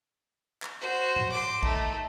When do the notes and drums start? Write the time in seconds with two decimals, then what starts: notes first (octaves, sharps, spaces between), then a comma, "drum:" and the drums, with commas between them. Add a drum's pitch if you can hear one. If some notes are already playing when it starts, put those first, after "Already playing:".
0.62 drum: clap
0.81 F#4 C5
1.16 drum: tom G#2
1.32 C6 D6
1.63 A3 D#4, drum: kick A#1